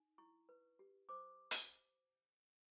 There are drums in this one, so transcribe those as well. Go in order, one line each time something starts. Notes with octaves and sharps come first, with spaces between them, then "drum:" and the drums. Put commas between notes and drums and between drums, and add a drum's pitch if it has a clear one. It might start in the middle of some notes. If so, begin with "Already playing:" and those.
Already playing: D#4
E4 C#6
B4
G4
C5 D6
drum: hi-hat